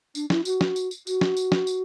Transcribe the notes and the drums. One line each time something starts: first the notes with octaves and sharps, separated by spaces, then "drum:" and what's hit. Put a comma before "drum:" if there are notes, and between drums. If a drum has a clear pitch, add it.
D4, drum: tambourine
E4, drum: snare
F#4, drum: tambourine
drum: snare
drum: tambourine
drum: tambourine
F#4, drum: tambourine
drum: snare
drum: tambourine
drum: snare
drum: tambourine